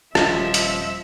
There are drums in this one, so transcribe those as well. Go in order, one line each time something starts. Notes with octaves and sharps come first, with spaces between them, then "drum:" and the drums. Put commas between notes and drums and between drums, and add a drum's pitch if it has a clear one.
D#1 F3 G3 C#4 D#5 E5, drum: rim click
drum: hi-hat